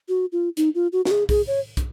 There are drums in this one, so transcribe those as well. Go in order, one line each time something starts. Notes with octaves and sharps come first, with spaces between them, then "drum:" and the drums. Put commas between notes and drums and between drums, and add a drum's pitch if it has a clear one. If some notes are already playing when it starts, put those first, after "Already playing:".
F#4
F4
D#4, drum: hi-hat
F4
F#4
F#4, drum: snare
G#4
G#4, drum: kick, open hi-hat
C#5
drum: kick, hi-hat